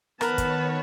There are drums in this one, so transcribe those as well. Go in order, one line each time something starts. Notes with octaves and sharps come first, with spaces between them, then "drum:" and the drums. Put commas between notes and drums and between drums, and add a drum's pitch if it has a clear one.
D#3 B3 A#4 B4 C#5 A5, drum: rim click
drum: kick, hi-hat